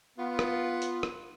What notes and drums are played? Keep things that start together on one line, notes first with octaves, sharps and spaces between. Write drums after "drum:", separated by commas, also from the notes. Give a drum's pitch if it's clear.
B3 F4
drum: rim click
drum: hi-hat
drum: rim click